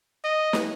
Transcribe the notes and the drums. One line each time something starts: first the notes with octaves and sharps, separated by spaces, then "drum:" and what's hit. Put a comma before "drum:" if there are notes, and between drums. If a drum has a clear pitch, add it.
D#5
drum: snare